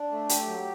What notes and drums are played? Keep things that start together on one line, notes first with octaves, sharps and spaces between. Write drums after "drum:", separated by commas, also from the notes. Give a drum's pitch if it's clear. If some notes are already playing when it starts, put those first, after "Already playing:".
Already playing: D4
A3
G4, drum: hi-hat
F#3